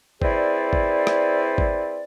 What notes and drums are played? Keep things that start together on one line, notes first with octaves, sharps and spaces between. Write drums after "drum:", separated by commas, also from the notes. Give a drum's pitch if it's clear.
C4 E4 G#4 B4 C5 D5, drum: kick G#1
drum: kick G#1
drum: rim click
drum: kick G#1